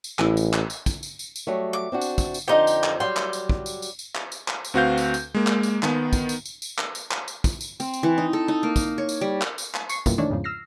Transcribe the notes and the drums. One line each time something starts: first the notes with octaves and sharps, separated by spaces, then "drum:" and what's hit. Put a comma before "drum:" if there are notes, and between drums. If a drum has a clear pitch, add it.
drum: tambourine
A1 E4 G#5, drum: clap
drum: tambourine
drum: clap
drum: tambourine
drum: kick, tambourine
drum: tambourine
drum: tambourine
drum: tambourine
F#3 G3 A3
D6
C4 D4 F#4
drum: tambourine
drum: kick, tambourine
drum: tambourine
F2 D3 D#4 G4 C5
drum: tambourine
drum: clap
F#3 G3 G5 C6
drum: clap
drum: tambourine
drum: kick
drum: tambourine
drum: tambourine
drum: tambourine
drum: clap
drum: tambourine
drum: clap
drum: tambourine
D2 C4 F#4 B4 F5 G6
drum: tambourine
drum: tambourine
G#3 A#3
drum: clap
drum: tambourine
D#3 B3, drum: clap
drum: kick, tambourine
drum: tambourine
drum: tambourine
drum: tambourine
drum: clap
drum: tambourine
drum: clap
drum: tambourine
drum: kick, tambourine
drum: tambourine
C4, drum: tambourine
drum: tambourine
E3
D#4
A4
D#4
A#3
drum: kick, tambourine
C#5
drum: tambourine
G3
drum: clap
drum: tambourine
drum: clap
C#6 C7 C#7, drum: tambourine
F#2 B2 E3 G3 A#3 F4, drum: kick, tambourine
D#3 E3 A3 D4 C#5
E2 G#2 C#3 F3
E6 F6 A#6 C7